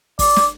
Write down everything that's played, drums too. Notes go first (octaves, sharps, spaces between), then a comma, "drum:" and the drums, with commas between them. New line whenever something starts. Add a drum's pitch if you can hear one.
D5, drum: kick, open hi-hat
drum: snare